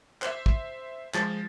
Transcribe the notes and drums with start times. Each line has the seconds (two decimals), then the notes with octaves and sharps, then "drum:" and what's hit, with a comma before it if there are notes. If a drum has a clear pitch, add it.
0.22 C5 E5, drum: clap
0.46 drum: kick
1.14 F3 G#3 A5 A6, drum: clap